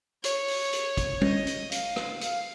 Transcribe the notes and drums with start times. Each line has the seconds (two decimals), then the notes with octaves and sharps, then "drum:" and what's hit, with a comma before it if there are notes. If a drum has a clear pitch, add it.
0.24 C#5, drum: hi-hat
0.48 drum: open hi-hat
0.73 drum: hi-hat
0.97 drum: kick, hi-hat
1.21 D#5, drum: tom
1.47 drum: hi-hat
1.72 F5, drum: hi-hat
1.96 drum: rim click
2.21 F5, drum: hi-hat